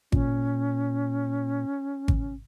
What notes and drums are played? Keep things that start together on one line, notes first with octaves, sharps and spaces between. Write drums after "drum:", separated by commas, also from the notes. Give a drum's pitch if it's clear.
A#2 C#4, drum: kick G#1
drum: kick G#1